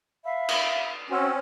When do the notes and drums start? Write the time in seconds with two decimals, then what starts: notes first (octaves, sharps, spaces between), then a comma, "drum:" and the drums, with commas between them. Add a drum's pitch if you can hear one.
0.24 E5 F5 B5
0.49 drum: cymbal
1.10 C4 C#4 F#4 F#5 E6